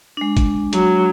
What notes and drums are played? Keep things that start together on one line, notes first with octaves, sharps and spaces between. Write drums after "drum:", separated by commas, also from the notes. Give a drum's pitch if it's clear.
G#3 D4
drum: kick, hi-hat
F#3, drum: hi-hat